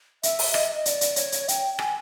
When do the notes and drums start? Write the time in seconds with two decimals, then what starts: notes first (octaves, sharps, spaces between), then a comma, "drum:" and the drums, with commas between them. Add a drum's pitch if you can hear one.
0.23 E5, drum: hi-hat
0.39 drum: open hi-hat
0.54 D#5, drum: rim click
0.64 E5
0.74 D#5
0.86 D5, drum: hi-hat
1.01 drum: hi-hat
1.16 C#5, drum: hi-hat
1.32 drum: hi-hat
1.48 G5, drum: hi-hat
1.79 G#5, drum: rim click